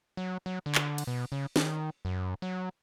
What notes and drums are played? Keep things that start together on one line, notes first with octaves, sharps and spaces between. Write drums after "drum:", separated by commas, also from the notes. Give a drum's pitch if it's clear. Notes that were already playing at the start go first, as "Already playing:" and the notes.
F#3
F#3
D3
drum: clap
drum: cymbal
B2
C#3
D#3, drum: snare
F#2
F#3